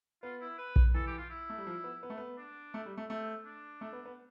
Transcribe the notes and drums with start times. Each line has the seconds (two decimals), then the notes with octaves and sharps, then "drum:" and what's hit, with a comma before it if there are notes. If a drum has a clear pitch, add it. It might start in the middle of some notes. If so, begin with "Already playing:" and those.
0.23 B3 F4
0.41 E4
0.58 B4
0.76 drum: kick A#1
0.94 E3 A4
1.07 G4
1.18 F4
1.30 E4
1.50 A3
1.58 G3
1.67 F3
1.84 B3
2.03 B3
2.10 A3
2.18 B3
2.38 D4
2.74 A3
2.86 G3
2.97 A3
3.09 A3 C4
3.45 D4
3.81 A3
3.93 B3
4.06 B3